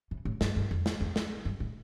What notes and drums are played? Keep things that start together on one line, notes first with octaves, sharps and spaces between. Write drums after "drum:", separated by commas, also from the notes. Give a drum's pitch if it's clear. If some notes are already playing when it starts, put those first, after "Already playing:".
A2
A2
G2, drum: snare
G2
F2
drum: snare
E2
drum: snare
G2
A2